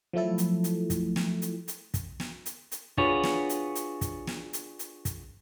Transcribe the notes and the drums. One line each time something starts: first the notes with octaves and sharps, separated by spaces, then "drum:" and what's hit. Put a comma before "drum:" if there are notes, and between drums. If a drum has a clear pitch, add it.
F3 F#3 A3 E4 A4
drum: hi-hat
drum: hi-hat
drum: kick, hi-hat
drum: snare
drum: hi-hat
drum: hi-hat
drum: kick, hi-hat
drum: snare
drum: hi-hat
drum: hi-hat
D4 F4 F#4 G#4 B4 C#5, drum: kick
drum: snare
drum: hi-hat
drum: hi-hat
drum: kick, hi-hat
drum: snare
drum: hi-hat
drum: hi-hat
drum: kick, hi-hat